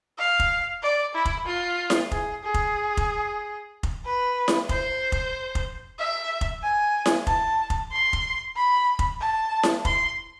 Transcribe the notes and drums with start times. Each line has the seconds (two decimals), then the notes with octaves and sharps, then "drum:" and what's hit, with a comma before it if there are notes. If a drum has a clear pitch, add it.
0.18 F5
0.39 drum: kick F1
0.82 D5
1.15 E4
1.25 drum: kick F1
1.47 F4
1.90 drum: snare E4
2.11 G#4, drum: kick F1
2.43 G#4
2.54 drum: kick F1
2.97 drum: kick F1
3.83 drum: kick F1
4.05 B4
4.48 drum: snare E4
4.69 C5, drum: kick F1
5.12 drum: kick F1
5.55 drum: kick F1
5.98 E5
6.41 drum: kick F1
6.63 G#5
7.06 drum: snare E4
7.27 A5, drum: kick F1
7.70 drum: kick F1
7.92 C6
8.13 drum: kick F1
8.56 B5
8.99 drum: kick F1
9.21 A5
9.63 drum: snare E4
9.85 C6, drum: kick F1